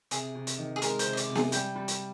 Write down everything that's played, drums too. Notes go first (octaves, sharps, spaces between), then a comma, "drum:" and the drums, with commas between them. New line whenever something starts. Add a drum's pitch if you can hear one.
C3 G#4, drum: hi-hat
C3
drum: hi-hat
D#3
G#4
G#3 A#4, drum: hi-hat
C5, drum: hi-hat
C3
D#5
D5, drum: hi-hat
C3
G#4, drum: snare
G3 G5, drum: hi-hat
G3
drum: hi-hat